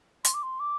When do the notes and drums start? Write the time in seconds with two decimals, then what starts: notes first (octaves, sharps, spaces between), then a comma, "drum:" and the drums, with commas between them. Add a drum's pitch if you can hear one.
0.25 C6, drum: hi-hat
0.34 D6
0.43 C6
0.60 D6